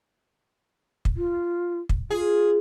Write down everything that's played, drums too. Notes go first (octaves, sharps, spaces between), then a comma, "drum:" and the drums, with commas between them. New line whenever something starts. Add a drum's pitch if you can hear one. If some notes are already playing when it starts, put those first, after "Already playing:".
drum: kick
F4
drum: kick
F4 G#4